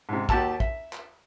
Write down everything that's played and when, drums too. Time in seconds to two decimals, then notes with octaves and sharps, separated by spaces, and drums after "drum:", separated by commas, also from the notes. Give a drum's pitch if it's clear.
0.09 G#2 C3
0.29 D#2 F#4 G4 A5 E6, drum: kick
0.60 E5, drum: kick
0.93 drum: clap